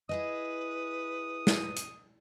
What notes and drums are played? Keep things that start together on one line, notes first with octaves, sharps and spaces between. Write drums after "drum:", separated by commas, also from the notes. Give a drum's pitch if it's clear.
E4 G#4 B4 D#5 D#6
drum: snare
drum: hi-hat